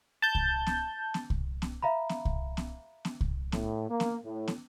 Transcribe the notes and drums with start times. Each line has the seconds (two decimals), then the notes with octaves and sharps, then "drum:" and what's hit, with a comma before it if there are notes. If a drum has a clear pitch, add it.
0.22 A5 G6
0.35 drum: kick C2
0.67 drum: snare
1.14 drum: snare
1.30 drum: kick C2
1.62 drum: snare
1.82 E5 F5 A#5 B5
2.09 drum: snare
2.25 drum: kick C2
2.57 drum: snare
3.05 drum: snare
3.21 drum: kick C2
3.52 A2, drum: snare
3.88 A#3
4.00 drum: snare
4.24 A2
4.48 drum: snare